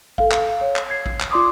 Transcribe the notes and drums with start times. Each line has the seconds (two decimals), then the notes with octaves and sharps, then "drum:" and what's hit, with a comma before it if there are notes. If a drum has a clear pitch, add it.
0.18 A4 F5, drum: kick
0.32 drum: clap
0.61 C#5
0.76 drum: clap
0.90 G#6 C7
1.06 drum: kick
1.21 drum: clap
1.31 F4 D5 C6 D6 D#6